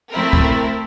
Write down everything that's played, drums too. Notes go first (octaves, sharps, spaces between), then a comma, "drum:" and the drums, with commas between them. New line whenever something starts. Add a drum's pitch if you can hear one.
A3 C4 E4 A#4
drum: kick